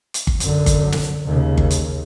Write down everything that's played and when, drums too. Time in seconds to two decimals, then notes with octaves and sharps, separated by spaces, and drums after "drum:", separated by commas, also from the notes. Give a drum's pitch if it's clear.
0.14 drum: hi-hat
0.27 drum: kick G1
0.40 F#2 D3, drum: hi-hat
0.66 drum: kick G1, hi-hat
0.92 drum: snare
1.25 D#2 C#3
1.58 drum: kick G1
1.71 drum: hi-hat